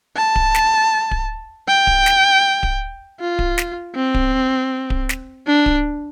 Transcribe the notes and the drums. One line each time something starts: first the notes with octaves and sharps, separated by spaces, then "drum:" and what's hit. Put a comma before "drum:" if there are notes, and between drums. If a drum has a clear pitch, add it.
A5
drum: kick D1
drum: snare
drum: kick D1
G5
drum: kick D1
drum: snare
drum: kick D1
F4
drum: kick D1
drum: snare
C4
drum: kick D1
drum: kick D1
drum: snare
D4
drum: kick D1